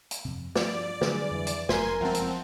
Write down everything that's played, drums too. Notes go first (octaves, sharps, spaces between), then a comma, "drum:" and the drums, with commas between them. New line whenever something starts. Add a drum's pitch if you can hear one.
drum: hi-hat
F2 C3
G2 F3 F4 D5, drum: snare
D3 F#3 G3 G#4 B4, drum: snare
F2 E3
drum: hi-hat
F#1 A#4 G#5 C6, drum: snare
F#1 F3 G#3 C4 E5 F#5 A5
drum: hi-hat